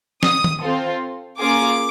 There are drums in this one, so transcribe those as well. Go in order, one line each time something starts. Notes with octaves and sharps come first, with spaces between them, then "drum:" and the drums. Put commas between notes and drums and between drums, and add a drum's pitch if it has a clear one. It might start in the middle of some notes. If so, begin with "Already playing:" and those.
D#6, drum: snare
drum: tom D#3
C4 F4 A4
A#3 C#4 F4 G#4 D6